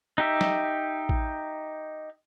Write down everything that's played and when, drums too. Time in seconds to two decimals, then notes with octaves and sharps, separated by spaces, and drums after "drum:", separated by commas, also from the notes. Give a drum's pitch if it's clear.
0.18 D#4 G4 E5
0.41 drum: snare
1.09 drum: kick A1